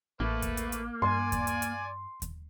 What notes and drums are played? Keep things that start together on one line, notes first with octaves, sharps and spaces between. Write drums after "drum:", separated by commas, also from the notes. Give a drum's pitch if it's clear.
A1 A3 A#3 B4
drum: kick D#2, hi-hat
drum: hi-hat
drum: hi-hat
G2 D5 G#5 C6
drum: kick D#2, hi-hat
drum: hi-hat
drum: hi-hat
drum: kick D#2, hi-hat